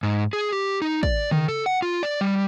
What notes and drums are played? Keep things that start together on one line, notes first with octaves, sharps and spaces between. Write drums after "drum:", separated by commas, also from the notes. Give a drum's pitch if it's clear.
G#2
G#4
G4
D#4
D5, drum: kick
D#3, drum: tom C#3
A4
F#5
F4
D5
G3